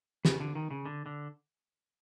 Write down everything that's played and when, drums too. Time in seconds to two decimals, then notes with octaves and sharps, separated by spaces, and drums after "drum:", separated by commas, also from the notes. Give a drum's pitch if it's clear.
0.25 C#3, drum: snare
0.40 D3
0.55 D#3
0.71 C#3
0.85 D3
1.06 D3